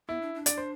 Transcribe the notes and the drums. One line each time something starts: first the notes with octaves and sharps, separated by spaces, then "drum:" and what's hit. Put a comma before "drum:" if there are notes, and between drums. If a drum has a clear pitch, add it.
B3 E4
D4
D4
D5, drum: hi-hat
C5